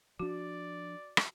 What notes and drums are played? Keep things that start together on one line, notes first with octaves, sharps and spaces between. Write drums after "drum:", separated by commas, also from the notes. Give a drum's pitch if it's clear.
F3 D4 F#4 D5
drum: rim click